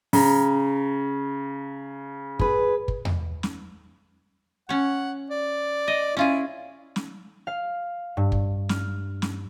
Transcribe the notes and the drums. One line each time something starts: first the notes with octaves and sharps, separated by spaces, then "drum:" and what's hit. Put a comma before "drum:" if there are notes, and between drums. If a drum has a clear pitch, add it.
C#3 A#5, drum: open hi-hat
G#4 B4, drum: kick
drum: kick
drum: tom E2
drum: snare
C#4 C#5 F#5
D5
D#5
C#4 E4 F4 G#4
drum: snare
F5
G2
drum: kick
F6, drum: snare
drum: snare